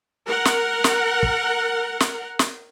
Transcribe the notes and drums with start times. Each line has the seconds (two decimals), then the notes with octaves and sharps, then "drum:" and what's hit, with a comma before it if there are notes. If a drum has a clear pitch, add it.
0.26 A#4 F#5
0.45 drum: snare
0.84 drum: snare
1.23 drum: kick
2.00 drum: snare
2.39 drum: snare